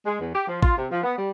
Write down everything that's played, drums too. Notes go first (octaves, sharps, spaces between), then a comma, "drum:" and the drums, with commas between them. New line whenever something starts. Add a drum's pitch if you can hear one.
G#3
E2
G4
F3
F4, drum: kick A1
C3
F3
B3
G3